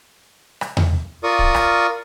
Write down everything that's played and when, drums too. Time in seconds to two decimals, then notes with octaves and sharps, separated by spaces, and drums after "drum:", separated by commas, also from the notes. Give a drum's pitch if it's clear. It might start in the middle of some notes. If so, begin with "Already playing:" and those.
0.61 drum: rim click
0.77 drum: tom E2
1.23 F4 A#4 D5 C#6 D#6
1.39 drum: kick
1.55 drum: rim click